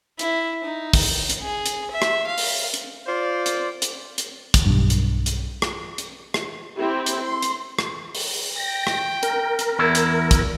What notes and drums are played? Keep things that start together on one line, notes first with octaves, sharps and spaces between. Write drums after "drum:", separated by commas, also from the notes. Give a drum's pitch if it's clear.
E4, drum: hi-hat
D#4
drum: kick, open hi-hat
drum: hi-hat
G#4
drum: hi-hat
E5
drum: rim click
F5
drum: open hi-hat
drum: hi-hat
F4 C5 D5
drum: hi-hat
drum: hi-hat
drum: hi-hat
drum: kick, hi-hat
B1 G2
drum: hi-hat
drum: hi-hat
drum: rim click
drum: hi-hat
drum: rim click
C4 E4 G4
drum: hi-hat
C6
drum: hi-hat
drum: rim click
drum: open hi-hat
G5 A#6
drum: rim click
A#4, drum: hi-hat
drum: hi-hat
E2 E4
drum: hi-hat
drum: kick, hi-hat